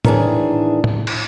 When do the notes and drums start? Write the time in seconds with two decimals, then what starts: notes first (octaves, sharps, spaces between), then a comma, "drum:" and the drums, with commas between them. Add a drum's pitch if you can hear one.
0.05 A2 D#3 E3 D4 G#4, drum: tom
0.84 drum: tom
1.07 drum: cymbal